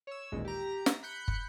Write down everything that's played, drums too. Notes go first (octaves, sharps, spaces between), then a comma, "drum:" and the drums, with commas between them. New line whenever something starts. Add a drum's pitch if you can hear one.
C#5 E6
A1 D#2 A#2 G#3
G4 A#5
drum: snare
B5 F#6 G6 C#7
drum: kick